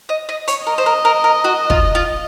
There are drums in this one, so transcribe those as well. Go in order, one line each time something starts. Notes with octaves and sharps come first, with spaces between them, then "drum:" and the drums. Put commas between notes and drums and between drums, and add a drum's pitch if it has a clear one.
D#5
D#5
C#5, drum: hi-hat
A#4 D#5
C5
A#4
A#4
A#4
F#4
F4, drum: kick
F4